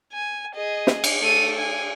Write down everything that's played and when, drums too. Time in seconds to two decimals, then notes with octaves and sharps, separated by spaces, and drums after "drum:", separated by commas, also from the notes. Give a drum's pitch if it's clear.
0.13 G#5
0.55 G#4 D#5
0.87 drum: snare
1.04 drum: cymbal
1.21 A3 D#7
1.59 G#5